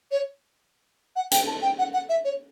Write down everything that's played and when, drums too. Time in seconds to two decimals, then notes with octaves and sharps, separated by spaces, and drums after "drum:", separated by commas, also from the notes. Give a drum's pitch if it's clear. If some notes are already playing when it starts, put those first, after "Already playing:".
0.11 C#5
1.16 F#5
1.31 G5, drum: hi-hat
1.47 A5
1.62 G5
1.79 F#5
1.93 F#5
2.09 E5
2.25 C#5